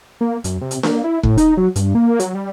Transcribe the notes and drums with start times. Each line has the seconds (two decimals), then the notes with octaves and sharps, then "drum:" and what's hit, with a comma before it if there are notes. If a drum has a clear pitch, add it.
0.21 A#3
0.44 F#2, drum: hi-hat
0.61 C3
0.71 drum: hi-hat
0.83 A#3, drum: snare D4
1.04 E4
1.23 A2, drum: kick
1.38 D#4, drum: hi-hat
1.57 F#3
1.76 G2, drum: hi-hat
1.95 A#3
2.20 F#3, drum: hi-hat
2.34 G3